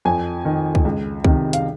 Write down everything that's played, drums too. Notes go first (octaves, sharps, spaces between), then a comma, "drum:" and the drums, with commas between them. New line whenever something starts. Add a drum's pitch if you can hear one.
F2 G#5
D#3
drum: kick C#2
C#2
C3 D#3, drum: kick C#2
F5, drum: hi-hat